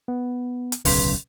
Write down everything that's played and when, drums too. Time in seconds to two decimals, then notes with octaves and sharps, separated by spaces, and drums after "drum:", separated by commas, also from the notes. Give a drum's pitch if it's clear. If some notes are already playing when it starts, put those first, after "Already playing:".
0.08 B3
0.72 drum: hi-hat
0.85 D1 B1 C#3 B4 C6 B6, drum: open hi-hat